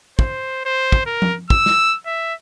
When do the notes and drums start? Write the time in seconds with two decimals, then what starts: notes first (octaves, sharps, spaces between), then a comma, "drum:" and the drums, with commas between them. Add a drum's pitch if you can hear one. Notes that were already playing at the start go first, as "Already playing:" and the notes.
0.19 C5, drum: kick
0.65 C5
0.92 drum: kick
1.06 A#4
1.22 drum: tom
1.50 E6, drum: kick
1.66 drum: snare
2.06 E5